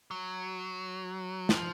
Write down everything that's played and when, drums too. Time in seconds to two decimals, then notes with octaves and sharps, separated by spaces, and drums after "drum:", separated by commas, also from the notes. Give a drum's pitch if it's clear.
0.11 F#3
1.49 F3, drum: snare